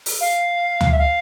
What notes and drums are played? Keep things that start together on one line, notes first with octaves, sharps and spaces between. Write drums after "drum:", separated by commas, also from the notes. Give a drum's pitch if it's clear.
drum: open hi-hat
F5
drum: tom D2
E5
F5